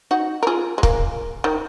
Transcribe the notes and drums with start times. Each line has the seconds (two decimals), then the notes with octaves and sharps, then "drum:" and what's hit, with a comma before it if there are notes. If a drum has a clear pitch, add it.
0.11 D#4 F#4
0.43 A#4
0.47 F4 G#4
0.78 G#3
0.83 A#3, drum: kick
1.44 D#3